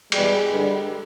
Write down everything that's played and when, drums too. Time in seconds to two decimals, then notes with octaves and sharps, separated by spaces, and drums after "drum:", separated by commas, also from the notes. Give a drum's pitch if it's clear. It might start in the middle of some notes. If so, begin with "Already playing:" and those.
0.12 E2 B2 G3 G#3, drum: cymbal
0.51 G2 D3 G3